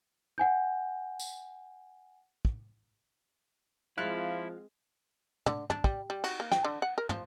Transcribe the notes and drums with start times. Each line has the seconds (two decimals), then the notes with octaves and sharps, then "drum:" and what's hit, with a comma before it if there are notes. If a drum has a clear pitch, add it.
0.38 F#5 G#5 G6
1.19 drum: tambourine
2.45 drum: kick
3.98 F3 G#3 C4 E4 F4 F5 F#6
5.46 D3, drum: tom
5.70 D4, drum: tom
5.84 G3, drum: kick
6.10 G3
6.24 F#4, drum: cymbal
6.40 A#3
6.52 G5, drum: snare
6.65 D3
6.82 F#5
6.98 A#4
7.09 F3, drum: tom